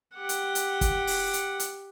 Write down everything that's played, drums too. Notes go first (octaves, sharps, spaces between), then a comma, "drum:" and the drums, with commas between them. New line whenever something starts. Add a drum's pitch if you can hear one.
G4 F#5
drum: hi-hat
drum: hi-hat
drum: kick, hi-hat
drum: open hi-hat
drum: hi-hat
drum: hi-hat